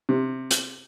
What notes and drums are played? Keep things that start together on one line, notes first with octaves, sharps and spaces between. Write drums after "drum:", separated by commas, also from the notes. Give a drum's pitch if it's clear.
C3
drum: hi-hat